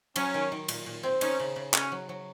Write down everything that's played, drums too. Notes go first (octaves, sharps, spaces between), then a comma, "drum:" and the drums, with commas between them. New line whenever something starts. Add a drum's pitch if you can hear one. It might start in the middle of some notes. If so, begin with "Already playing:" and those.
F#3 C#4, drum: cymbal
D#3
D#3
A#2, drum: cymbal
A#2
C4
C#4 D#4, drum: cymbal
C#3
C#3
C#4 F#4, drum: clap
F#3
F#3